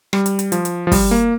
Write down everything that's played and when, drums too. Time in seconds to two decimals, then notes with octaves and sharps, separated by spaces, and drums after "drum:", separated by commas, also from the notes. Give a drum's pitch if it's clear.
0.13 G3, drum: rim click
0.26 drum: hi-hat
0.39 drum: hi-hat
0.52 F3, drum: hi-hat
0.65 drum: hi-hat
0.87 F3
0.92 G3, drum: kick, open hi-hat
1.11 A#3